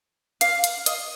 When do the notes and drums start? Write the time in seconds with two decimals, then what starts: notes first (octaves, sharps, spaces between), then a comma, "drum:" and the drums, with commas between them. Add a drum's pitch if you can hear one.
0.41 F5, drum: hi-hat
0.64 drum: hi-hat
0.86 D#5, drum: hi-hat